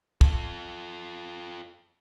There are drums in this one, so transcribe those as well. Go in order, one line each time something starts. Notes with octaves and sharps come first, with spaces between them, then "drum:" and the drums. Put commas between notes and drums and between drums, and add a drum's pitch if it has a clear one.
F4 A4, drum: kick